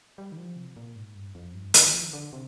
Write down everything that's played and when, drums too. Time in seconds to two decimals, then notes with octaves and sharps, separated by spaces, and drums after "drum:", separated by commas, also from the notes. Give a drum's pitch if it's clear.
0.18 G3
0.32 D#3
0.37 F3
0.56 C3
0.76 A#2
0.96 G#2
1.15 G2
1.35 F2
1.54 G2
1.74 D3, drum: hi-hat
1.84 D#3
1.94 F3
2.03 D#3
2.13 D3
2.33 C3